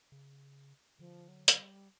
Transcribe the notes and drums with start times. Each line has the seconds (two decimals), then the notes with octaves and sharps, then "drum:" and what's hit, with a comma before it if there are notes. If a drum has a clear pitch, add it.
0.12 C#3
0.99 D3 F3
1.28 F#3
1.48 drum: hi-hat
1.57 G3